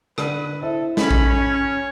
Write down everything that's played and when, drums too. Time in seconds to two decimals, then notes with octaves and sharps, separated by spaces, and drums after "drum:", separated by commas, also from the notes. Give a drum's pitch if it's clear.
0.18 D3 B4 D#7, drum: rim click
0.61 E4 A4 C5 E5
0.97 C#4 A4 B5, drum: snare
1.11 drum: kick A#1
1.28 C#5